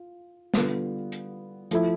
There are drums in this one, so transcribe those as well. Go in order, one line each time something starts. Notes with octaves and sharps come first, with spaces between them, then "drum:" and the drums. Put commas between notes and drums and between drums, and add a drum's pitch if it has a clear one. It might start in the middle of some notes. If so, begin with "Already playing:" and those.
Already playing: F4
D3 G3 B3 F4, drum: snare
drum: hi-hat
F3 A3 E4, drum: hi-hat